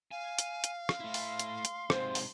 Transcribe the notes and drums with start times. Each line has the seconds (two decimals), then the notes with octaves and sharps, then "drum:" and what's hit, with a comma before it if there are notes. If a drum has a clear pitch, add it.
0.11 F5 G#5
0.39 drum: hi-hat
0.64 drum: hi-hat
0.89 drum: rim click
1.00 A3 E4 C6
1.14 drum: open hi-hat
1.39 drum: hi-hat
1.65 drum: hi-hat
1.90 G#2 C3 C5, drum: rim click
2.15 drum: open hi-hat